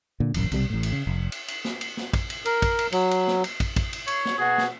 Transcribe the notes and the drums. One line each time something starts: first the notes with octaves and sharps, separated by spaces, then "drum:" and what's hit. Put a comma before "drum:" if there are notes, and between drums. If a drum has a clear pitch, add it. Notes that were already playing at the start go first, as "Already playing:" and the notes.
A#2 D3
D#1 A1 F#2, drum: cymbal
B1 C3 F#3 G3, drum: cymbal
A1 A2
drum: cymbal
C#3
F1
drum: cymbal
drum: cymbal
drum: snare
drum: cymbal
drum: snare
drum: kick, cymbal
drum: cymbal
A#4, drum: cymbal
drum: kick, cymbal
drum: cymbal
F#3, drum: cymbal
drum: cymbal
drum: snare
drum: cymbal
drum: kick, cymbal
drum: kick, cymbal
drum: cymbal
C#5, drum: cymbal
drum: snare
B2 F#4 G#4
drum: snare